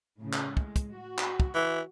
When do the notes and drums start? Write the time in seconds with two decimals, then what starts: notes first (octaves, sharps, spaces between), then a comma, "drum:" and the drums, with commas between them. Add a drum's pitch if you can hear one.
0.22 A2 C#3
0.33 drum: clap
0.57 G#3, drum: kick
0.76 drum: kick, hi-hat
0.97 F#4
1.18 drum: clap
1.40 drum: kick
1.54 E3